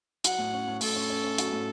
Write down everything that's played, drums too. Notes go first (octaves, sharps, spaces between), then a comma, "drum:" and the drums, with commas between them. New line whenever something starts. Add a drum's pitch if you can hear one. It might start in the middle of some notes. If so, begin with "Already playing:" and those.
F#3 F#5, drum: hi-hat
A2
C#4
A2
A2 A4, drum: open hi-hat
C#4
C#4
C#4
F#3, drum: hi-hat
A2